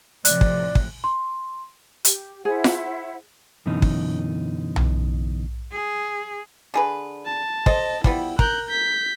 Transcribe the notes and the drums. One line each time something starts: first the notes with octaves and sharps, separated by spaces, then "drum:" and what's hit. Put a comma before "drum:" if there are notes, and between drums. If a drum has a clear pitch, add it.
A2 C3 F3 D5 F#6, drum: hi-hat
drum: kick
drum: kick
C6
G4, drum: hi-hat
E4 G#4 C5 F#5
drum: snare F4
F#2 B2 D3 E3 C#4 D#4
drum: kick
drum: tom B1
G#4
D3 G#4 B4
A5
A4 C5 D#5, drum: kick
F3 G3 B3 E4, drum: kick
A#4 F#6 G6, drum: kick
G6 B6